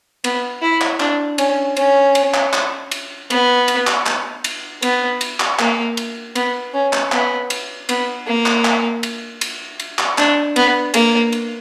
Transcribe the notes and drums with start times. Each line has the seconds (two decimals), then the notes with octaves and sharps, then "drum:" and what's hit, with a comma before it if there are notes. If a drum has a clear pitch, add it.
0.24 B3, drum: cymbal
0.62 E4
0.81 drum: clap
1.00 D4, drum: clap
1.38 C#4, drum: cymbal
1.77 C#4, drum: cymbal
2.15 drum: cymbal
2.34 drum: clap
2.53 drum: clap
2.91 drum: cymbal
3.30 B3, drum: cymbal
3.68 drum: cymbal
3.87 drum: clap
4.06 drum: clap
4.44 drum: cymbal
4.82 B3, drum: cymbal
5.21 drum: cymbal
5.40 drum: clap
5.59 A#3, drum: clap
5.97 drum: cymbal
6.36 B3, drum: cymbal
6.74 C#4
6.93 drum: clap
7.12 B3, drum: clap
7.50 drum: cymbal
7.89 B3, drum: cymbal
8.27 A#3
8.46 drum: clap
8.65 drum: clap
9.03 drum: cymbal
9.41 drum: cymbal
9.80 drum: cymbal
9.99 drum: clap
10.18 D4, drum: clap
10.56 B3, drum: cymbal
10.94 A#3, drum: cymbal
11.32 drum: cymbal